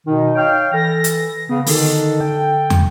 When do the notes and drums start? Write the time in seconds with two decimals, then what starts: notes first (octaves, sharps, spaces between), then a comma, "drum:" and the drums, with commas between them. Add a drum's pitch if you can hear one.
0.06 B2 D#3 D#4
0.35 C#5 F5 G5
0.73 E3 A4 A#6
1.04 drum: hi-hat
1.49 C#3 B3
1.66 D3 D#3 A4, drum: open hi-hat
2.21 G5
2.70 drum: tom